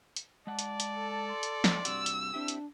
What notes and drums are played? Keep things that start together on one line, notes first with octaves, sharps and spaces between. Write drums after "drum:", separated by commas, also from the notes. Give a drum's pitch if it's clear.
drum: hi-hat
G#3 D5 F#5 A5
drum: hi-hat
drum: hi-hat
A4
C6
drum: hi-hat
drum: snare
G2 C3 F#4 E6, drum: hi-hat
drum: hi-hat
C4 D4 E4 G4
drum: hi-hat